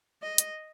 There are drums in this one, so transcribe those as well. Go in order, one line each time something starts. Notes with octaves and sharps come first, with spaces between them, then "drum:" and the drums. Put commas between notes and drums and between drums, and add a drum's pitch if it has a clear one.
D#5
drum: hi-hat